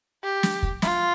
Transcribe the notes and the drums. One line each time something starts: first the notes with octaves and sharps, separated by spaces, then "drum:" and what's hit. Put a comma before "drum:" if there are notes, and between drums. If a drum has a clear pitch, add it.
G4
drum: snare
drum: kick
F4, drum: snare